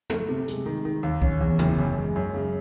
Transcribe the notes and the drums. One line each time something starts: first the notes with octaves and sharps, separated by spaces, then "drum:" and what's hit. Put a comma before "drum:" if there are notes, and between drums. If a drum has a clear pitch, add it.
A3, drum: tom
C3
G#3, drum: hi-hat
D#3
D#3
D#2
C#4, drum: kick C#2
E2
F#1, drum: tom
F#2
G#3
F#2
C#3